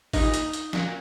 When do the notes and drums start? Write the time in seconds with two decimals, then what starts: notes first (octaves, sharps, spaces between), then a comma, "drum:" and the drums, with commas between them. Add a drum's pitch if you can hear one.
0.13 A#2 G3 A#3 D#4, drum: kick G#1, open hi-hat
0.34 drum: hi-hat
0.53 drum: hi-hat
0.73 A#2 F#3 A#3, drum: snare